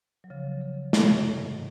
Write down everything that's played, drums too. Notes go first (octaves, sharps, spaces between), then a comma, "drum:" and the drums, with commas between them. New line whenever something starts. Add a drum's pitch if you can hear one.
F#3
C#3 F3
C#3
C3, drum: snare
F#2
F#2
G#2
D#3 F#3